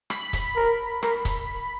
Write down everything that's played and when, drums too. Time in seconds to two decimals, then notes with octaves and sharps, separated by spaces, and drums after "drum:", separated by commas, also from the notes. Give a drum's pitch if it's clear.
0.10 B5, drum: rim click
0.33 drum: kick, hi-hat
0.56 A#4
1.03 A#4, drum: rim click
1.25 drum: kick, hi-hat